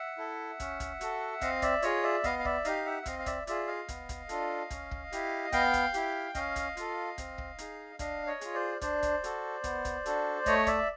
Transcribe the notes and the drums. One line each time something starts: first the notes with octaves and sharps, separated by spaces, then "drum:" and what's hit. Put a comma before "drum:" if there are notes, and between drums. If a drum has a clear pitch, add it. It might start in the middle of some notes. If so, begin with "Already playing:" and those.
Already playing: E5 F#5
E4 A4
C#4, drum: kick, hi-hat
drum: kick, hi-hat
F#4 A4, drum: hi-hat
C4 D#5 F5, drum: kick, hi-hat
D5 E5, drum: kick, hi-hat
F4 G#4 C#5 D#5, drum: hi-hat
D5 E5
B3 D#5 F5, drum: kick, hi-hat
F5
D5 E5, drum: kick
D#4 G4 D#5 F5, drum: hi-hat
E5 F#5
E5
C4 D#5 F5, drum: kick, hi-hat
F5
D5 E5, drum: kick, hi-hat
F4 G#4 D5 E5, drum: hi-hat
D#5 F5
B3, drum: kick, hi-hat
drum: kick, hi-hat
D4 F4 A4, drum: hi-hat
C#4, drum: kick, hi-hat
drum: kick
E4 G4, drum: hi-hat
B3 F5 G5, drum: kick, hi-hat
drum: kick, hi-hat
E4 G4, drum: hi-hat
C#4 D#5 F5, drum: kick, hi-hat
drum: kick, hi-hat
F4 A4, drum: hi-hat
C4, drum: kick, hi-hat
drum: kick
D#4 G#4, drum: hi-hat
D4 D#5 F5, drum: kick, hi-hat
C#5 D#5
F4 G#4, drum: hi-hat
C5 D5
D4 C5 D5, drum: kick, hi-hat
drum: kick, hi-hat
F#4 A4, drum: hi-hat
B3, drum: kick, hi-hat
drum: kick, hi-hat
D4 F#4 A4, drum: hi-hat
A3 C#5 D#5, drum: kick, hi-hat
D5 E5, drum: kick, hi-hat